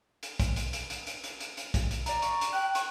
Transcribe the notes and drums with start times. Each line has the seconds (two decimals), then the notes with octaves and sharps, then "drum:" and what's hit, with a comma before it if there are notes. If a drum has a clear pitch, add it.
0.23 drum: hi-hat
0.40 drum: kick, hi-hat
0.56 drum: hi-hat
0.73 drum: hi-hat
0.90 drum: hi-hat
1.07 drum: hi-hat
1.24 drum: hi-hat
1.40 drum: hi-hat
1.57 drum: hi-hat
1.74 drum: kick, hi-hat
1.91 drum: hi-hat
2.06 D5 A#5, drum: hi-hat
2.22 C#6, drum: hi-hat
2.41 drum: hi-hat
2.53 G5 F#6
2.75 C#6, drum: hi-hat